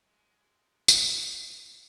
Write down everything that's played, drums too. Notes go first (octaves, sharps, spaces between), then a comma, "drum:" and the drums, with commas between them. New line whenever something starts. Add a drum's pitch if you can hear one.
F#3 G#3
drum: tambourine